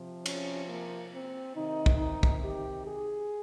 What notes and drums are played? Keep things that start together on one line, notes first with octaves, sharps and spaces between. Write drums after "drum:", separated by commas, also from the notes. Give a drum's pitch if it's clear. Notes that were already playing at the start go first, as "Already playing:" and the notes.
Already playing: C3 F3
C#4, drum: cymbal
A#3
C4
C3 D#3 D#4
drum: kick
D#4
drum: kick
G4
G#4